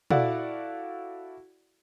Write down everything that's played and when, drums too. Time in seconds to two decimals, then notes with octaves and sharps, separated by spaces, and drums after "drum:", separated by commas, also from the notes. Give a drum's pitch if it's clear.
0.10 E4 F#4 A4 D5 F5 F#5, drum: tom